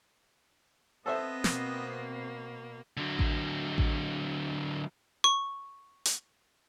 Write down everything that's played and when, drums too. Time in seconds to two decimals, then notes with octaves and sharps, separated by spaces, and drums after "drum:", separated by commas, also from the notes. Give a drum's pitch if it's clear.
1.06 B3 C4 A4 C5 D#5 E5
1.44 B2 A#3, drum: snare
2.97 D3 F#3
3.19 drum: kick A1
3.78 drum: kick A1
5.24 C#6
6.05 drum: hi-hat